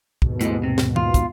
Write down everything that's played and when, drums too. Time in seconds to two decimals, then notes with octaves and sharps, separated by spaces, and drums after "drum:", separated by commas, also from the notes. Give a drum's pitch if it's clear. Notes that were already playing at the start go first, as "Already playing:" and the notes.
0.22 D#2 G#2 B2, drum: kick
0.41 A2 G#3, drum: hi-hat
0.63 C3
0.78 drum: snare
0.96 F4, drum: tom D#3
1.14 drum: kick, hi-hat